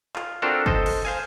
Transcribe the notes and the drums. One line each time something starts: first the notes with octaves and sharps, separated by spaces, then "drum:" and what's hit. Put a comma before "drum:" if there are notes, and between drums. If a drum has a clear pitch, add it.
F4, drum: clap
C4 D4 F4 F#4 A4 A#4
A4 C5 D#5, drum: kick
drum: cymbal
C5 F5 G#5